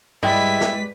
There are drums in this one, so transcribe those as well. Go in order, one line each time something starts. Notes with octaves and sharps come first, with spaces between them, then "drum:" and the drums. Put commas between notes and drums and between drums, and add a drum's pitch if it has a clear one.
G3 G#3 E4 B4 D5 D#5 G5 B6, drum: tom
drum: snare